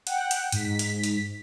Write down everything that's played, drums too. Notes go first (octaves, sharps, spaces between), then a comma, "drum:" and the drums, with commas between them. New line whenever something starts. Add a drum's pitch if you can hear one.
F#5 G5, drum: hi-hat
drum: hi-hat
G#2 B6, drum: hi-hat
drum: hi-hat
drum: hi-hat